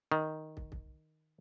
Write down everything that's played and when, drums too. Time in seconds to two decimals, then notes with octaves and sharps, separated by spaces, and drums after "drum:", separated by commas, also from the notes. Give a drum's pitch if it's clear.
0.12 D#3
0.57 drum: kick
0.72 drum: kick